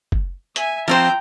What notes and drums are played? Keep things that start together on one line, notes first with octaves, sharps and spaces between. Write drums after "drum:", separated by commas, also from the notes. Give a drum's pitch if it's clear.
drum: kick
E5 G#5, drum: hi-hat
F3 C4 C5 G5 A#5